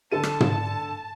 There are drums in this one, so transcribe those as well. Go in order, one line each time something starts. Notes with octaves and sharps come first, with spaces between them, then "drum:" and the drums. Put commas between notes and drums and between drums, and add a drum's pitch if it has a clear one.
D3 A4 A5 D#7
drum: rim click
drum: tom